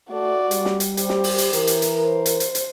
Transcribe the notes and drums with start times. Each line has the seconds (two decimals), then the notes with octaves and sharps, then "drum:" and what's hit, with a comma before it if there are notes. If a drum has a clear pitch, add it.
0.10 A3 F#4 D5
0.51 G3, drum: hi-hat
0.65 drum: snare
0.80 drum: hi-hat
0.97 G4 C5, drum: hi-hat
1.09 drum: snare
1.24 drum: open hi-hat
1.38 drum: hi-hat
1.53 E3 A#4, drum: hi-hat
1.67 drum: hi-hat
1.82 drum: hi-hat
2.02 C5
2.26 drum: hi-hat
2.40 drum: hi-hat
2.55 drum: hi-hat